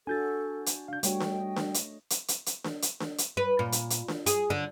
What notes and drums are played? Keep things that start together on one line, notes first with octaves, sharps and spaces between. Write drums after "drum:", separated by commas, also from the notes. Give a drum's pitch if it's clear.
D4 F#4 A4 G#5 G6 A6
drum: hi-hat
D4 F5 G6
G3 A3 D4 F#4 C#5 G5, drum: hi-hat
drum: snare D4
D#5
drum: snare D4
drum: hi-hat
drum: hi-hat
drum: hi-hat
drum: hi-hat
drum: snare D4
drum: hi-hat
drum: snare D4
drum: hi-hat
B4
A#2
drum: hi-hat
drum: hi-hat
drum: snare D4
G#4, drum: hi-hat
D3